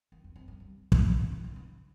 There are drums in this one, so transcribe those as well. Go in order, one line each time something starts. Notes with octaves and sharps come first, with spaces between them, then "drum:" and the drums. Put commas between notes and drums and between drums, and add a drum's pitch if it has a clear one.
E2
F2
F2
G2
G2
drum: kick
A#2
D3
E3
E3
D3